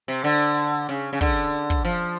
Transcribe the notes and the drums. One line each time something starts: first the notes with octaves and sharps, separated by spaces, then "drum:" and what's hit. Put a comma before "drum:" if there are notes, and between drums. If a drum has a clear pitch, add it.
C3
D3
C#3
C#3
D3, drum: kick
drum: kick
F3